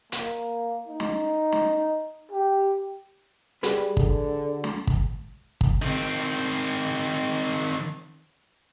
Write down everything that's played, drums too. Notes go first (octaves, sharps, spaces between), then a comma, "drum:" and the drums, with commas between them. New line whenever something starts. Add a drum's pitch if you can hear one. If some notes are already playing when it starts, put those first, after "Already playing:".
A#3, drum: hi-hat
D#4
drum: snare
drum: snare
G4
G3 F#4 G#4 B4, drum: hi-hat
D3, drum: kick
drum: snare
drum: kick
drum: kick
D#3 C4